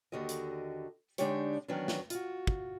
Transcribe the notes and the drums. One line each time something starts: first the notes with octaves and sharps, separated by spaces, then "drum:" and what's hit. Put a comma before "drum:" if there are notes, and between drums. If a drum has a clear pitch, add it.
D#2 D3 F#4 G4 D#5
drum: hi-hat
D3 G#3 D4 D#4 G4 C#5, drum: hi-hat
D#3 E3 F#3 B3 C#4 D4
drum: snare
F4 F#4, drum: hi-hat
drum: kick